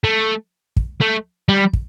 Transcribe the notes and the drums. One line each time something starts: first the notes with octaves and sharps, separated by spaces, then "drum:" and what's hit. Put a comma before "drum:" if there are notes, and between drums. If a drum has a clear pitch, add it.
A3
drum: kick
A3
G3
drum: kick